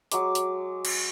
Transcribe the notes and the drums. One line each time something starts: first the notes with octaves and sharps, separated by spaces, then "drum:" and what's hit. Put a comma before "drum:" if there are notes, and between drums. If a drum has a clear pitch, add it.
F#3 G#3 D6, drum: hi-hat
drum: hi-hat
drum: cymbal